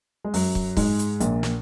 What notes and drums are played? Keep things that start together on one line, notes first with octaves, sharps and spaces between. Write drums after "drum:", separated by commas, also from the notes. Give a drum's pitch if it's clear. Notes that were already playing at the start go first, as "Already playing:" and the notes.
G#3
F#2 F#3, drum: open hi-hat
drum: kick
G#2 G#3, drum: kick, open hi-hat
drum: hi-hat
A#1 A#2, drum: hi-hat
drum: snare